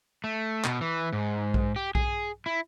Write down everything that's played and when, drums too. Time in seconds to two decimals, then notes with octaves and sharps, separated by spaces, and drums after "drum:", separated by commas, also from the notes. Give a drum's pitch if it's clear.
0.24 A3
0.64 B2, drum: clap
0.81 E3
1.13 G#2
1.54 drum: kick B1
1.76 G4
1.95 G#4, drum: kick B1
2.46 E4